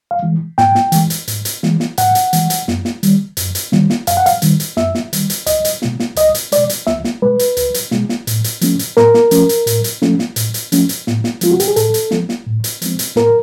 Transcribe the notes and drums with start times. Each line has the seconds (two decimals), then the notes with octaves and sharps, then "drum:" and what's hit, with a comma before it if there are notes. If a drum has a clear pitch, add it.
0.11 F5
0.23 E3 G#3
0.58 G#2 G5, drum: snare
0.75 drum: snare
0.92 E3 G#3, drum: hi-hat
1.10 drum: hi-hat
1.28 G#2, drum: hi-hat
1.45 drum: hi-hat
1.63 E3 G#3, drum: snare
1.80 drum: snare
1.98 G#2 F#5, drum: hi-hat
2.15 drum: hi-hat
2.33 E3 G#3, drum: hi-hat
2.50 drum: hi-hat
2.68 F#2, drum: snare
2.85 drum: snare
3.03 D#3 G3, drum: hi-hat
3.37 F#2, drum: hi-hat
3.55 drum: hi-hat
3.72 D#3 G3, drum: snare
3.90 drum: snare
4.07 F#2 F5, drum: hi-hat
4.17 F#5
4.26 F5, drum: hi-hat
4.42 D#3 G3, drum: hi-hat
4.60 drum: hi-hat
4.77 F#2 E5, drum: snare
4.95 drum: snare
5.13 D#3 G3, drum: hi-hat
5.30 drum: hi-hat
5.47 C#2 D#5, drum: hi-hat
5.65 drum: hi-hat
5.82 B2 G#3, drum: snare
6.00 drum: snare
6.16 C#2 D#5, drum: hi-hat
6.35 drum: hi-hat
6.52 B2 G#3 D5, drum: hi-hat
6.69 drum: hi-hat
6.87 C#2 E5, drum: snare
7.04 drum: snare
7.22 B2 G#3 B4
7.39 drum: hi-hat
7.57 C#2, drum: hi-hat
7.74 drum: hi-hat
7.91 B2 G#3, drum: snare
8.09 drum: snare
8.27 A2, drum: hi-hat
8.44 drum: hi-hat
8.61 F3 A3 C#4, drum: hi-hat
8.79 drum: hi-hat
8.97 A2 A#4, drum: snare
9.14 drum: snare
9.31 F3 A3 C#4, drum: hi-hat
9.49 drum: hi-hat
9.67 A2, drum: hi-hat
9.84 drum: hi-hat
10.02 F3 A3 C#4, drum: snare
10.19 drum: snare
10.36 A2, drum: hi-hat
10.54 drum: hi-hat
10.72 F3 A3 C#4, drum: hi-hat
10.89 drum: hi-hat
11.07 A2, drum: snare
11.24 drum: snare
11.41 F3 G#3 C4 F4, drum: hi-hat
11.51 F#4
11.60 G4, drum: hi-hat
11.68 G#4
11.76 A2 A4, drum: hi-hat
11.94 drum: hi-hat
12.11 F3 G#3 C4, drum: snare
12.29 drum: snare
12.47 A2
12.64 drum: hi-hat
12.82 F3 G#3 C4, drum: hi-hat
12.99 drum: hi-hat
13.16 A2 A#4, drum: snare